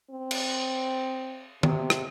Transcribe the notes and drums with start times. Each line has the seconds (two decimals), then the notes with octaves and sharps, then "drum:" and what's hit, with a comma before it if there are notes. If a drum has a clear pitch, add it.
0.11 C4
0.31 drum: cymbal
1.63 C3, drum: tom D#3
1.90 drum: rim click